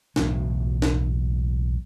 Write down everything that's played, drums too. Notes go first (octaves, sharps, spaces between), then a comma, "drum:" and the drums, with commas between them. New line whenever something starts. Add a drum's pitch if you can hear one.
B1 E2 A2 F#3, drum: snare
drum: snare